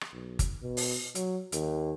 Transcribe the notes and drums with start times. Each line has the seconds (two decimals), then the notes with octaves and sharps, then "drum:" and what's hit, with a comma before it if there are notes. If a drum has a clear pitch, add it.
0.01 drum: rim click
0.13 B1
0.39 drum: kick G1, hi-hat
0.62 B2
0.77 drum: open hi-hat
1.15 F#3, drum: hi-hat
1.52 D#2, drum: hi-hat